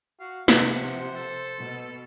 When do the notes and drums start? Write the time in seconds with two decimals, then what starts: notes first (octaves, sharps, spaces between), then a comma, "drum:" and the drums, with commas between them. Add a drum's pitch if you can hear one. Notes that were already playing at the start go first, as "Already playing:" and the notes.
0.20 F#4 F5
0.48 C3 F3 G#3 B4 F#5, drum: snare
0.81 C5
1.16 A4
1.60 B2